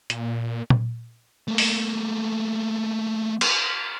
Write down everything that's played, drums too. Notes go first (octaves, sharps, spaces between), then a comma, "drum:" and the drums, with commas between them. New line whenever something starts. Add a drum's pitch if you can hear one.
A#2, drum: hi-hat
drum: tom A#2
A3 A#3
drum: open hi-hat
drum: cymbal